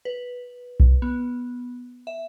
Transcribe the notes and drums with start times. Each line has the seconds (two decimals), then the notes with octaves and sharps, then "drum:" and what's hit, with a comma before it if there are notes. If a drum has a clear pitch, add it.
0.05 B4
0.80 drum: kick B1
1.02 B3
2.07 E5